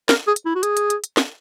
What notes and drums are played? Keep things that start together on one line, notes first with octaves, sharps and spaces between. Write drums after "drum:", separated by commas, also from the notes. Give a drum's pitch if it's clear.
A#4, drum: snare
G#4
drum: hi-hat
E4
F#4
G#4, drum: hi-hat
drum: hi-hat
drum: hi-hat
drum: hi-hat
drum: snare